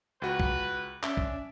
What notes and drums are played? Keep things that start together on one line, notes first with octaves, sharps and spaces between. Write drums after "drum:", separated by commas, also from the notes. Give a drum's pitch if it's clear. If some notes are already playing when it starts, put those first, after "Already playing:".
C#2 F#4 B4
drum: kick
C#4 D4 E5, drum: clap
drum: kick